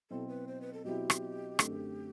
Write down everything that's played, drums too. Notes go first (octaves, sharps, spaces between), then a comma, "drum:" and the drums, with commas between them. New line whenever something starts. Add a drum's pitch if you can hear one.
B2 F#3 C4 E4 A4
B4
C5
B4
A4
B2 F#3 C4 E4 G4
drum: rim click
F#2 D3 A3 C4, drum: rim click